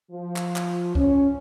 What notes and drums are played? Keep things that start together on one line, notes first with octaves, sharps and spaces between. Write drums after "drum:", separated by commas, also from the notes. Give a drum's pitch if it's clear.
F3
drum: clap
drum: clap
C#4, drum: kick